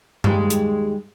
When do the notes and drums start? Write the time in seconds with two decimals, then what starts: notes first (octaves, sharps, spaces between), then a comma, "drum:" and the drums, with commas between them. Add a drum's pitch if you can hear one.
0.24 D#2 G3 G#3, drum: tom G2
0.50 drum: hi-hat